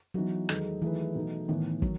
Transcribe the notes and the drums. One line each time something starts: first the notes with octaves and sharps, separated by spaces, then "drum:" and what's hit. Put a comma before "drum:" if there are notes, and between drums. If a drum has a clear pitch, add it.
E3 F#3 B3 D#4 F#4
E2 D#3 G#3 D#4 A4, drum: rim click
D#3 E3 A3 E4 G#4 B4
B2 A3 D#4
A2 D#3 E3 B3
F#3, drum: kick